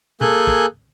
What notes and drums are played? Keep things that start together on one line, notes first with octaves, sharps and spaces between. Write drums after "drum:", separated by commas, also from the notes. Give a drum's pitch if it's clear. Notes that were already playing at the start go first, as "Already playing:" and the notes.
A#3 G#4 A4 G#5 F#6 G6, drum: tom B2
drum: kick